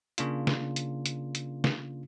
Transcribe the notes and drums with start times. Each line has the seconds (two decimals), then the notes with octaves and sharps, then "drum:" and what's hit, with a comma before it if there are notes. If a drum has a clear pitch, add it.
0.18 C#3 A#3 D4 F4, drum: hi-hat
0.47 drum: snare
0.76 drum: hi-hat
1.06 drum: hi-hat
1.35 drum: hi-hat
1.64 drum: snare